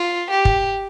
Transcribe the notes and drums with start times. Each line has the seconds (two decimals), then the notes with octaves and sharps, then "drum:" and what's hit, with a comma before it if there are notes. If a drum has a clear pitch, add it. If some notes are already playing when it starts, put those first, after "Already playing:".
Already playing: F4
0.30 G4
0.45 drum: kick